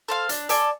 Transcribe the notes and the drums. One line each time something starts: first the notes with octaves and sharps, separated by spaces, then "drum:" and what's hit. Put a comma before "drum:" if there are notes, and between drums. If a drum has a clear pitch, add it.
A4 C5 F5
D4, drum: hi-hat
A4 D5 G#5, drum: hi-hat